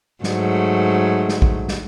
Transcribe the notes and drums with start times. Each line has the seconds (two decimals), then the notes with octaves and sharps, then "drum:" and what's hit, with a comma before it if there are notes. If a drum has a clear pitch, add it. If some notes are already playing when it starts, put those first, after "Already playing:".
0.24 G#2 F#3 A3, drum: snare
1.29 drum: snare
1.42 drum: kick A1
1.68 drum: snare